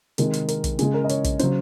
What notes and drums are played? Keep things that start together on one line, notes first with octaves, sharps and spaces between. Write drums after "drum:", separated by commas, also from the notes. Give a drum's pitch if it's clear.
C3 D#3 G#3 A#4, drum: hi-hat
drum: hi-hat
A#4, drum: hi-hat
drum: kick, hi-hat
C#3 G#3 G#4, drum: hi-hat
A#4
D#5
C#5, drum: hi-hat
drum: kick, hi-hat
C#3 F#3 C5, drum: hi-hat